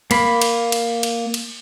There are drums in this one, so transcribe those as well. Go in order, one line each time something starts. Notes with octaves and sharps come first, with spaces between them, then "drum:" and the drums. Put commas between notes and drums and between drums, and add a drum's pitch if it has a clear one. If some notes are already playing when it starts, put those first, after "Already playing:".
A#3 B5, drum: cymbal
drum: cymbal
drum: cymbal
drum: cymbal
drum: cymbal